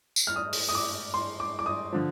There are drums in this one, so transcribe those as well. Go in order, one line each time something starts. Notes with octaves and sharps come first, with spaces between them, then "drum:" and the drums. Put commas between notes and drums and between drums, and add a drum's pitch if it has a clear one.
drum: tambourine
F6
D#6
drum: open hi-hat
D#6
D6
C6
D6
D6
D#6
D3 F3